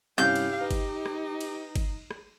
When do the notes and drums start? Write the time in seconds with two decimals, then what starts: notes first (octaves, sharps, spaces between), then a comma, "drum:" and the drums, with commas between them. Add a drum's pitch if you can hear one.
0.18 G2 C3 C#4 E4 G4 F5 G6
0.36 drum: cymbal
0.61 D#4 B4
0.71 drum: kick G1, cymbal
1.06 drum: rim click
1.41 drum: cymbal
1.76 drum: kick G1, cymbal
2.11 drum: rim click